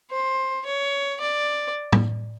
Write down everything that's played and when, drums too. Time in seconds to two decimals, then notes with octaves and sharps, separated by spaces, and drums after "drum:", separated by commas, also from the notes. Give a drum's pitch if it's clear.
0.11 C5
0.66 C#5
1.20 D5
1.92 drum: tom